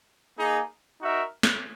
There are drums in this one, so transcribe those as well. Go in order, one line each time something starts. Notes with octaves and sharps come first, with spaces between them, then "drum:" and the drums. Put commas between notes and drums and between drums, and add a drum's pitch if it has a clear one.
A#3 D#4 G#4
D#4 F#4 A#4 E5
drum: snare